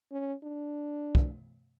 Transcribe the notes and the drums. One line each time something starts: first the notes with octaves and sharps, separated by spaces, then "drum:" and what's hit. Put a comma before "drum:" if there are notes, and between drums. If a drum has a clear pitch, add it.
C#4
D4
drum: kick